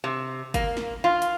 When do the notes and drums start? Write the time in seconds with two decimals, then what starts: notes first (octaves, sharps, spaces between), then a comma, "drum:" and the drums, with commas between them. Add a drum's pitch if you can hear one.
0.04 C3
0.54 A#3, drum: kick, hi-hat
0.77 drum: snare
1.04 F4
1.22 drum: hi-hat